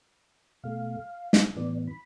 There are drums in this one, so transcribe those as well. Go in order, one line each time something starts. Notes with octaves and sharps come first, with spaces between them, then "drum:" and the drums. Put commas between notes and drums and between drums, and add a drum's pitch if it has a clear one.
B2 A3 F5
drum: snare
A2 E3 B3 D5
B5